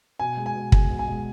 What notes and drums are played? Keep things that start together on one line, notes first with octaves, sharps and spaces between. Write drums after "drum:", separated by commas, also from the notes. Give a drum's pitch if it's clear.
B2 G#5
G#3
G#5
B2
G#3 G#5, drum: kick
B2
G#5
G#3